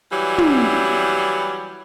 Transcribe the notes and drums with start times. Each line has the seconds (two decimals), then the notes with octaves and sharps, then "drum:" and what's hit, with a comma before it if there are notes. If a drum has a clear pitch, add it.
0.11 E3 F#3 G3
0.38 drum: tom